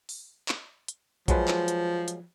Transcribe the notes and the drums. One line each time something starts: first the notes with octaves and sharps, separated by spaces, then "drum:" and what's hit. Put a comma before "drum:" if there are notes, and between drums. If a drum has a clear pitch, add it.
drum: open hi-hat
drum: clap
drum: hi-hat
F3 F#3 G#3 B4, drum: kick, hi-hat
drum: clap
drum: hi-hat
drum: hi-hat